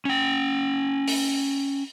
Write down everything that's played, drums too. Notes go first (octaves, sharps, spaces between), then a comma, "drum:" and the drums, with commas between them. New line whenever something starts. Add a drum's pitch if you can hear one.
C#4 G5
drum: open hi-hat